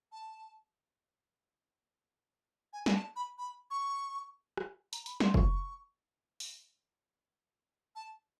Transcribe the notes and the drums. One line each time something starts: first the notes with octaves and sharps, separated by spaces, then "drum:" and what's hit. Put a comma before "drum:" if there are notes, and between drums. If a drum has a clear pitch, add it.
A5
G#5
G#5, drum: snare
A5
B5
B5
C#6
drum: rim click
A#5, drum: hi-hat
B5, drum: hi-hat
C6, drum: snare
C#6, drum: kick
drum: open hi-hat
A5